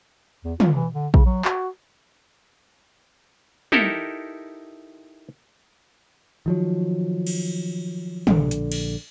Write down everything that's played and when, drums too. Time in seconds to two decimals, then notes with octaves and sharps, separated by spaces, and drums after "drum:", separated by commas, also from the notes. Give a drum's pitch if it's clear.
0.44 E2
0.60 F4, drum: tom
0.75 E3
0.93 D3
1.14 C#3, drum: kick A#1
1.25 F#3
1.45 F#4, drum: clap
3.72 D#4 E4 G4 A4 A#4, drum: tom
6.46 D#3 F3 F#3
7.27 drum: cymbal
8.27 A#1 D3, drum: tom
8.51 drum: hi-hat
8.72 drum: cymbal